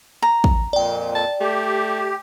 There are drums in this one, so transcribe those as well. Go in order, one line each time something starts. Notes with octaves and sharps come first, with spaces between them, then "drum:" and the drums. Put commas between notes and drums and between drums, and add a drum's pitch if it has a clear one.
A#5
drum: kick
F2 A#2 D5 G5
A5
A3 G4